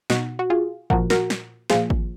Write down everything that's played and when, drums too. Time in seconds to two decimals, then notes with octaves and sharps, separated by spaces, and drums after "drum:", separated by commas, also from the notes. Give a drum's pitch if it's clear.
0.10 B2 D#4 F#4, drum: snare
0.39 F#4
0.50 F4 G#4
0.90 A#2 F3 F#4 A#4, drum: kick G#1
1.10 F#4 A#4, drum: snare
1.30 drum: snare
1.70 A#2 F3 F4 G#4, drum: snare
1.90 drum: kick G#1